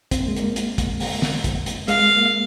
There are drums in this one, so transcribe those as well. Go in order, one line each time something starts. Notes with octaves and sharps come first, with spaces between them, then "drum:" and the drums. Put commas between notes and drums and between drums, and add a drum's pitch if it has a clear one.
C4, drum: kick, hi-hat
A#3
G#3
A#3, drum: hi-hat
drum: hi-hat
drum: kick, hi-hat
drum: open hi-hat
drum: snare
drum: kick, hi-hat
drum: hi-hat
G#3 F5, drum: hi-hat
A#3